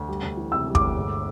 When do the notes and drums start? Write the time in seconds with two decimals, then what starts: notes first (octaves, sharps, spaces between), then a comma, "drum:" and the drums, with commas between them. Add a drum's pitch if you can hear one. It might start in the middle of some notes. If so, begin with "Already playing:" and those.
Already playing: D2
0.09 G3
0.23 D2
0.37 E3
0.52 C3 E6
0.67 G3
0.75 D6, drum: kick
0.81 D2
0.96 G1